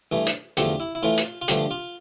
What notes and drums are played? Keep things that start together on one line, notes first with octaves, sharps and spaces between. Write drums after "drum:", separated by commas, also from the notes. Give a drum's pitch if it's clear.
G2 E3 A3
drum: hi-hat
E2 D3 F3 A3 G4, drum: hi-hat
E4
E4
A2 E3 A3 F4
drum: hi-hat
F4
G2 D3 F3 A3 G4, drum: hi-hat
F4